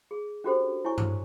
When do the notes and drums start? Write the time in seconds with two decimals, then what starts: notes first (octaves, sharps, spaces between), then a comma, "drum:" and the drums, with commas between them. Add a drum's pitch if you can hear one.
0.11 G#4
0.44 C#4 D4 F#4 G4 A4 C5
0.85 E4 C#5 G#5 C#6
0.98 drum: tom G2